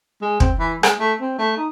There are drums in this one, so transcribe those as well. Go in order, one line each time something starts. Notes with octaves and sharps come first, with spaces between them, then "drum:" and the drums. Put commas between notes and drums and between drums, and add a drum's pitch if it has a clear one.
G#3
C4, drum: kick
E3
G#3, drum: rim click
A3
C4
A3
D#4